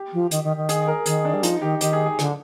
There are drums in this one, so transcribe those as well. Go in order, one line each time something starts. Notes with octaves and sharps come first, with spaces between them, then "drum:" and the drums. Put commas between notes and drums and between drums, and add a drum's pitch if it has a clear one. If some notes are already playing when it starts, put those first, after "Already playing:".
Already playing: G4
F3
D#3, drum: hi-hat
D#3
D#3
G#4, drum: hi-hat
A#4
D#3 G#4, drum: hi-hat
D4
G3
F3 D#4, drum: hi-hat
D#3 G4
D#3 G4, drum: hi-hat
G#4
G#4
D3, drum: rim click